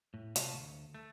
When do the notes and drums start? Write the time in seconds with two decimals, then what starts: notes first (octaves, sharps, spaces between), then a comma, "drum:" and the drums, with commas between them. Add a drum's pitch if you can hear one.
0.14 A2
0.36 C2 C3 F4 C#5 A5, drum: hi-hat
0.52 D2
0.94 A3